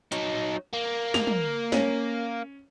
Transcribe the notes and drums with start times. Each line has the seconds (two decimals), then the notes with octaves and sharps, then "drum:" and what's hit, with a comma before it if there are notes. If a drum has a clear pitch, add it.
0.12 F#3 D#4, drum: hi-hat
0.73 A#3
1.14 F7, drum: snare
1.27 drum: tom
1.72 C#4, drum: snare